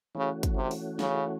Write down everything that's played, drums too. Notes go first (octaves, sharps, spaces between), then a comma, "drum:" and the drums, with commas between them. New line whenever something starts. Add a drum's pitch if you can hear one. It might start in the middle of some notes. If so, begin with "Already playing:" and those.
C#3 E3 A3 C#4 F#4
drum: kick, hi-hat
C3
drum: open hi-hat
C#3, drum: snare